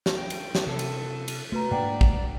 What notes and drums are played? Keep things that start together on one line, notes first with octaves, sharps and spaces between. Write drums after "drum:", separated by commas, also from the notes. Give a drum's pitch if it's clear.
drum: snare
G5
drum: cymbal
drum: snare
C3 A4
drum: cymbal
drum: cymbal
A3 F#4 B4 A#5
G#2 A#3 D4 D5 F#5 G5 A#5
drum: kick